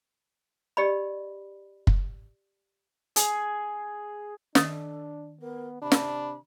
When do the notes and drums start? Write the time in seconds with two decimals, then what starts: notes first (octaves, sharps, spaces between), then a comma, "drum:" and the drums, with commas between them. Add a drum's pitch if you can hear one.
0.77 G4 D5 D#5 B5
1.87 drum: kick
3.16 G#4, drum: hi-hat
4.55 D#3 D4 A4 D#6 A6, drum: snare
5.41 B3 A#4
5.82 C3 D4 B5
5.92 drum: snare